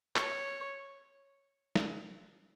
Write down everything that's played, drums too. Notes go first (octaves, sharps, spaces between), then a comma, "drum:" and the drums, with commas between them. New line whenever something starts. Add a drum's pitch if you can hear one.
C#5, drum: clap
drum: snare